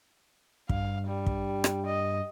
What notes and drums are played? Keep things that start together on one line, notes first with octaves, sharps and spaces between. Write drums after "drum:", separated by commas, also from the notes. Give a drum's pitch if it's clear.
G2 F5, drum: kick
G3
drum: kick
drum: rim click
D#5